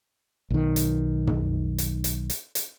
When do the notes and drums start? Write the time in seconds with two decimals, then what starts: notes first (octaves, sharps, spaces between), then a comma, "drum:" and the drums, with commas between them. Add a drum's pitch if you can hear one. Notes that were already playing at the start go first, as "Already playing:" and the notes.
0.50 B1 D#3
0.76 drum: hi-hat
1.27 drum: tom
1.78 drum: hi-hat
2.04 drum: hi-hat
2.30 drum: hi-hat
2.55 drum: hi-hat